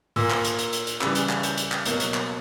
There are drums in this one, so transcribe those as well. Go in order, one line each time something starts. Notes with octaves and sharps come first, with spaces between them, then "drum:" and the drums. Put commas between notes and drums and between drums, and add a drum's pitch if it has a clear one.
A#2 A#3 E6, drum: open hi-hat
drum: clap
drum: hi-hat
drum: hi-hat
drum: hi-hat
drum: hi-hat
C#3 E3 G3 E6, drum: clap
drum: hi-hat
drum: clap
G6, drum: hi-hat
drum: hi-hat
drum: clap
B2 F#3 A#3, drum: hi-hat
drum: hi-hat
drum: clap